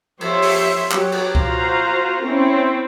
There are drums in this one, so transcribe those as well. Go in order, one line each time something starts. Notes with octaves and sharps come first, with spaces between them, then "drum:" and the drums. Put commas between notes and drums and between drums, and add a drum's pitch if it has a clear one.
F3 G4 C#5 E5 C6, drum: cymbal
drum: open hi-hat
F#3 G4, drum: clap
drum: cymbal
F4 F#4 C5 F5 A#5, drum: kick C#2
C4 C#4 E4